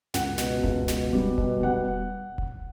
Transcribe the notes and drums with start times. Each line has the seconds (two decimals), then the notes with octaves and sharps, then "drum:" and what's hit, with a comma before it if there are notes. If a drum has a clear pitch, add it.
0.14 C#2 F#5, drum: snare
0.38 B2, drum: snare
0.63 C#2, drum: kick E1
0.88 B2, drum: snare
1.13 G3
1.38 B2, drum: kick E1
1.63 G3 F#5
2.38 drum: kick E1